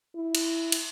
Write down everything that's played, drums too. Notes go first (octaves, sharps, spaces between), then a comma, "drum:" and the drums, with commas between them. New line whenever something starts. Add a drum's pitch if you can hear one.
E4
drum: cymbal
drum: cymbal